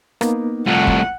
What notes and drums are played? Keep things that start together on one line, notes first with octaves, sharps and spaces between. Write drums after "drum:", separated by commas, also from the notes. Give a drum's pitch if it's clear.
A#3 B3 D#4, drum: rim click
C2 A2 F4 F#5
drum: kick